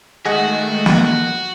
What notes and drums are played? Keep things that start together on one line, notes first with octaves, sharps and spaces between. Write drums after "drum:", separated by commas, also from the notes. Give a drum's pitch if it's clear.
D#3 G#3 A3 F#4 G#4 D#5 F#5
drum: snare